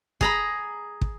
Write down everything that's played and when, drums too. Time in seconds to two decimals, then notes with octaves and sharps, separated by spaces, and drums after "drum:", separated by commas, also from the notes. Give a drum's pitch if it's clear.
0.21 G#4 A#5 B5, drum: kick
1.01 drum: kick